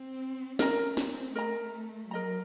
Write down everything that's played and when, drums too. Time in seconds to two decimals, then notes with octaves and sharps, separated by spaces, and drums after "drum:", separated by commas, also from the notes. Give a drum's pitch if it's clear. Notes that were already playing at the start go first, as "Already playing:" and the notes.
Already playing: C4
0.59 C#4 A#4 D#5 A#5, drum: snare
0.97 C4, drum: snare
1.35 A3 A#4 D#5 A#5
2.11 F#3 A#4 D#5 A#5